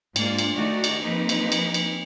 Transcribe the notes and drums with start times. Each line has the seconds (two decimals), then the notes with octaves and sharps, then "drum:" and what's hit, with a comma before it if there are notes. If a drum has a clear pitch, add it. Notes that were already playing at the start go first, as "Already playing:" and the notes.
0.16 G#2 A#3 D4 F4, drum: cymbal
0.38 drum: cymbal
0.54 D#3 A3 D#4 F#4 D5
0.84 drum: cymbal
1.02 F3 A#3 C4 D#4 B4
1.29 drum: cymbal
1.52 drum: cymbal
1.74 drum: cymbal